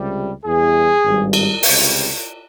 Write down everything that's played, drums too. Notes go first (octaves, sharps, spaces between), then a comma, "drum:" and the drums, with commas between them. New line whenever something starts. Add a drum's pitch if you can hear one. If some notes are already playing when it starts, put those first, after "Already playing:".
Already playing: C#2 C3 G3
E2 E3 G3 G#4
G#1 G2 G3
drum: cymbal
C#2 C3 G3, drum: open hi-hat